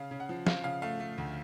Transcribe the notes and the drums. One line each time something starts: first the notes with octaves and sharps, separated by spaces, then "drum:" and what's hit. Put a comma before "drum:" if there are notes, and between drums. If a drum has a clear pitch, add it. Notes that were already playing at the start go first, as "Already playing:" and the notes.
Already playing: C#3 F5
C#3
F#5
F3
F3 F5, drum: snare
C#3 F5
A3 F5
A3
D2